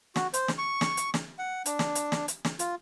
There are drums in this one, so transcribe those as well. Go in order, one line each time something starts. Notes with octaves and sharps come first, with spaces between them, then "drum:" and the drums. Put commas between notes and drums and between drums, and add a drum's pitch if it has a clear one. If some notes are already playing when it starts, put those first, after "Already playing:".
F#4, drum: snare
C5, drum: hi-hat
drum: snare
C#6
drum: snare
drum: hi-hat
drum: snare
F#5
D4, drum: hi-hat
drum: snare
drum: hi-hat
drum: snare
drum: hi-hat
drum: snare
F4, drum: hi-hat